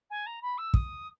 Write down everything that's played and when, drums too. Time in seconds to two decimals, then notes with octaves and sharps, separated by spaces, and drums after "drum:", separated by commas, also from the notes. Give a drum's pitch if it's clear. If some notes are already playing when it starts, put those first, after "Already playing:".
0.10 G#5
0.26 A#5
0.42 B5
0.57 E6
0.74 D#6, drum: kick